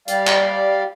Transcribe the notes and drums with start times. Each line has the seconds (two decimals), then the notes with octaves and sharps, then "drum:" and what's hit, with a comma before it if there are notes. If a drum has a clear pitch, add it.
0.08 G3 G4 D5 F5, drum: hi-hat
0.27 drum: clap